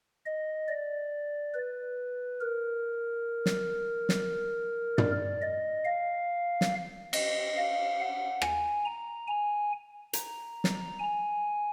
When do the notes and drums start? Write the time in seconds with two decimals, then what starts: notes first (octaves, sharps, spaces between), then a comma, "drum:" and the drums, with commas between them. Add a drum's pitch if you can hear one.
0.26 D#5
0.68 D5
1.54 B4
2.41 A#4
3.46 drum: snare
4.09 drum: snare
4.98 D5, drum: tom
5.42 D#5
5.85 F5
6.61 drum: snare
7.13 D#5, drum: cymbal
7.56 F5
7.99 F#5
8.42 G#5, drum: rim click
8.85 A#5
9.28 G#5
10.13 A#5, drum: hi-hat
10.64 drum: snare
10.99 G#5